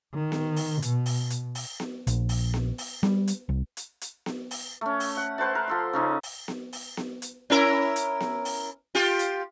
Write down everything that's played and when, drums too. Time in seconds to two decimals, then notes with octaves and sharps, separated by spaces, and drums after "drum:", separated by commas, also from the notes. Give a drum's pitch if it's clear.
0.14 D#3
0.32 drum: snare B3
0.56 drum: open hi-hat
0.82 B2, drum: hi-hat
1.06 drum: open hi-hat
1.30 drum: hi-hat
1.55 drum: open hi-hat
1.80 drum: snare B3
2.07 A#1, drum: hi-hat
2.29 drum: open hi-hat
2.54 drum: snare B3
2.78 drum: open hi-hat
3.03 G3, drum: snare B3
3.28 drum: hi-hat
3.49 C2
3.77 drum: hi-hat
4.01 drum: hi-hat
4.26 drum: snare B3
4.51 drum: open hi-hat
4.81 A3 C#4
5.00 drum: open hi-hat
5.17 F#5
5.38 B4 C5 F#5 A5
5.55 A#4
5.68 F3 A4 C6
5.93 C#3 C#4 D#4
6.23 drum: open hi-hat
6.48 drum: snare B3
6.73 drum: open hi-hat
6.97 drum: snare B3
7.22 drum: hi-hat
7.50 C#4 E4 A#4
7.96 drum: hi-hat
8.20 drum: snare B3
8.45 drum: open hi-hat
8.95 F4 G4, drum: open hi-hat
9.19 drum: hi-hat